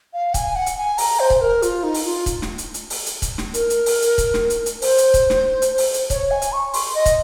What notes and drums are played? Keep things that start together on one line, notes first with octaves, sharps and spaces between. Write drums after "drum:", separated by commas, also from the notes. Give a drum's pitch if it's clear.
F5
G#5, drum: kick, hi-hat
F#5
drum: hi-hat
G#5
A#5, drum: open hi-hat
C5
drum: kick
A#4
F4, drum: hi-hat
D#4
drum: open hi-hat
F4
drum: kick, hi-hat
drum: snare
drum: hi-hat
drum: hi-hat
drum: open hi-hat
drum: hi-hat
drum: kick, hi-hat
drum: snare
A#4, drum: hi-hat
drum: hi-hat
drum: open hi-hat
drum: hi-hat
drum: kick, hi-hat
drum: snare
drum: hi-hat
drum: hi-hat
C5, drum: open hi-hat
drum: hi-hat
drum: kick, hi-hat
drum: snare
drum: hi-hat
drum: open hi-hat
drum: hi-hat
C#5, drum: kick, hi-hat
G#5
drum: hi-hat
C#6
C6, drum: open hi-hat
D#5
drum: kick, hi-hat